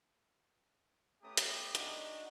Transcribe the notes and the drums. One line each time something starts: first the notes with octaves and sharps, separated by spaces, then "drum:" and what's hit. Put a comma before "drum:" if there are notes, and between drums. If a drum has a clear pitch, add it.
A3 B3 C#4 G4 A#5 D#6
drum: hi-hat
D4 D#4 F#4, drum: hi-hat